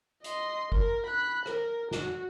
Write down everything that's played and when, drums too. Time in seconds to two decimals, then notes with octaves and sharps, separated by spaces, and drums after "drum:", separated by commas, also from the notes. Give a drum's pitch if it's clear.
0.24 D#5 C6, drum: hi-hat
0.72 A#4, drum: kick
1.06 B5 F#6
1.46 A#4, drum: rim click
1.91 F#4, drum: snare